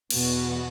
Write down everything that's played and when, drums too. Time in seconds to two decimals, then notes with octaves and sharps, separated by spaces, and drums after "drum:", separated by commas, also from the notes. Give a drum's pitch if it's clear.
0.10 E2 B2 B3 F#4, drum: cymbal